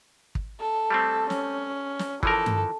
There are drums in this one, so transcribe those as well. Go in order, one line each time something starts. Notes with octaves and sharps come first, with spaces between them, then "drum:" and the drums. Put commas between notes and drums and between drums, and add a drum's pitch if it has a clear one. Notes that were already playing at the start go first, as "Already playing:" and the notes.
drum: kick
A4
G3 A3 C4
C#4, drum: snare
drum: snare
E3 F3 A4 A#4, drum: kick
drum: tom G2